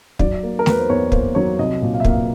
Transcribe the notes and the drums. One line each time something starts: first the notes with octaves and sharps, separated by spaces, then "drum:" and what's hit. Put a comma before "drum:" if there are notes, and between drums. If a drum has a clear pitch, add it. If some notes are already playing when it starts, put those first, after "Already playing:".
F#3 D5, drum: kick
A#3
A#4
E2 B4, drum: snare A3
C5
E2 C#5
A#3 C5, drum: kick
F#3 C#5
C2 D#5
A#2
F5
E5
A#3 F5, drum: kick